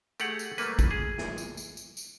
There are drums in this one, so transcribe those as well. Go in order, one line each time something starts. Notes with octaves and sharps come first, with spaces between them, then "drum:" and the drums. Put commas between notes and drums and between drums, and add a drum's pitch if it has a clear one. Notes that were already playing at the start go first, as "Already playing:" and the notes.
A3 G4 G#4 F#5, drum: tambourine
drum: tambourine
F#3 G3 A3 A#3 B4, drum: tambourine
drum: kick, tambourine
G#4
drum: snare
drum: tambourine
drum: tambourine
drum: tambourine
drum: tambourine